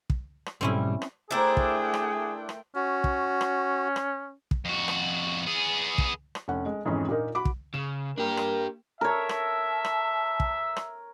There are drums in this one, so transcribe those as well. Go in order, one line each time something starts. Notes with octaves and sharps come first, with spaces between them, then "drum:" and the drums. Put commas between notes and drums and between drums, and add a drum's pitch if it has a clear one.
drum: kick
drum: rim click
B1 G#2 G3 C4 C#4 E4
drum: rim click
A3 D4 E4 G#4 A#4 C5 E5 G5
drum: kick
drum: rim click
drum: rim click
C#4 F#4
drum: kick
drum: rim click
drum: rim click
drum: kick
F2 F#4
drum: rim click
B3 G#4
drum: kick
drum: rim click
F1 C#4 F#5
G#3
F2 G#2 E3 C#4
A#2 A#3 D#4 A#4
F#4 B5 D6
drum: kick
C#3 E7
A#3 D4 G4 A#4
drum: rim click
A#4 C#5 E5 A5
drum: rim click
drum: rim click
drum: kick
drum: rim click